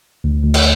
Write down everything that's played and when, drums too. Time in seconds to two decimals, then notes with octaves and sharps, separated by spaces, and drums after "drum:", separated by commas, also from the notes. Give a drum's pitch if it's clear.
0.24 D2
0.44 D2
0.54 drum: cymbal